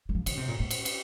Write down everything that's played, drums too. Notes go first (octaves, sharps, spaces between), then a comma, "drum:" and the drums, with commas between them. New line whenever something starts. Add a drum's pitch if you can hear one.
G3
F3
D3, drum: cymbal
C3
A#2
A#2
drum: cymbal
drum: cymbal